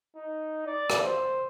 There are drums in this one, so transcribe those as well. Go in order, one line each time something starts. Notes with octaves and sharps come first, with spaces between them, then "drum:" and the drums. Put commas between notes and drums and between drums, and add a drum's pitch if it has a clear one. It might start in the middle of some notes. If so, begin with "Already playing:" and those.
D#4
D5
drum: rim click
C5